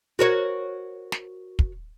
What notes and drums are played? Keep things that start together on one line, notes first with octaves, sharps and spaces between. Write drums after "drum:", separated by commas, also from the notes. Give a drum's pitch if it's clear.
F#4 A#4 C#5
drum: snare
drum: kick